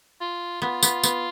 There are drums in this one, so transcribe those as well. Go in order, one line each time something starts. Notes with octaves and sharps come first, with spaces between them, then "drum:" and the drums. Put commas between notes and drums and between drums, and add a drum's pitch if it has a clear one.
F4
B3 F4
B3, drum: tambourine
B3, drum: tambourine